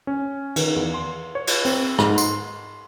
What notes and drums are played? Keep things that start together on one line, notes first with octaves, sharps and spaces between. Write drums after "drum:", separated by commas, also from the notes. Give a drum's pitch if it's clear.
C#4
D#3, drum: cymbal
E2
C6
C#5
drum: cymbal
C4, drum: open hi-hat
G#2, drum: rim click
C6, drum: tambourine